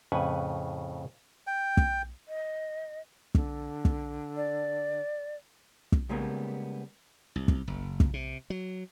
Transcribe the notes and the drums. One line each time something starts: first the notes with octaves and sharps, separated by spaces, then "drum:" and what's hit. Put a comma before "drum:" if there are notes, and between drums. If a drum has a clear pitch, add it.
F2 A2 C#3 B4 F#5 G#5
G5
drum: kick
D#5
D3, drum: kick
drum: kick
D5
drum: kick
C#3 G3 G#3 A#3 B3
C2
drum: kick
F#1
drum: kick
C3
F#3